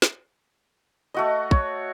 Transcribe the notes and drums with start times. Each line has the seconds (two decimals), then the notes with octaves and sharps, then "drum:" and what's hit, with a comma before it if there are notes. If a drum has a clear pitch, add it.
0.02 drum: snare
1.14 A3 F#4 D#5
1.51 C#5, drum: kick